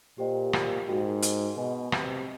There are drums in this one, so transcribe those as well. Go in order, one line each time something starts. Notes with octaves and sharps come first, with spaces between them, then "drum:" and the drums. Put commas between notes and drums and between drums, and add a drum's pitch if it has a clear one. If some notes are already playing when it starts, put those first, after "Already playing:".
A#2 G4 C5 D#5 G5
drum: rim click
G#2 F#4 A#4 D#5 G5
drum: hi-hat
B2 B4 D#5 G#5
C3, drum: rim click